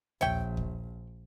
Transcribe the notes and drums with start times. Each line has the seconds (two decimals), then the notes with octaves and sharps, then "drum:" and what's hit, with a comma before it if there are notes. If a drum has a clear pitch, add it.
0.21 A#1 C#5 E5 G5, drum: tom D#2
0.57 drum: kick